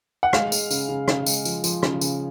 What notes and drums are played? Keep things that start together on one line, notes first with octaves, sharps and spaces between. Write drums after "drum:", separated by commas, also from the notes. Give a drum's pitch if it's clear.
F#5
G#3 F5, drum: rim click
G#3, drum: tambourine
C#3, drum: tambourine
C#3
C#3, drum: rim click
G#3, drum: tambourine
F3, drum: tambourine
F3, drum: tambourine
C#3, drum: rim click
C#3, drum: tambourine